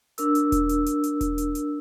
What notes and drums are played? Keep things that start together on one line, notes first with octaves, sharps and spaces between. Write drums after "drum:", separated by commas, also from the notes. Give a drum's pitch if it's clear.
D4 A#4 E6, drum: hi-hat
drum: hi-hat
drum: kick E1, hi-hat
drum: hi-hat
drum: hi-hat
drum: hi-hat
drum: kick E1, hi-hat
drum: hi-hat
drum: hi-hat